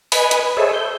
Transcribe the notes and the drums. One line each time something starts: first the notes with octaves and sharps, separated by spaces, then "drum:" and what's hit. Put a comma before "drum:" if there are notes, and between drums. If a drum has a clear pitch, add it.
B4 D#5 G#5 B5, drum: open hi-hat
drum: hi-hat
G#4 A4 C5 C#5 D#5 E5
G6